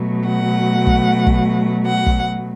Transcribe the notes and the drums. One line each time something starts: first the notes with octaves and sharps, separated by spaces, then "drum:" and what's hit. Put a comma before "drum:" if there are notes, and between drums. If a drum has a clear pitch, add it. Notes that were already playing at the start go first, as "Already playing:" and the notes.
Already playing: B2 F#3 A3
F#5
drum: kick
drum: kick
F#5
drum: kick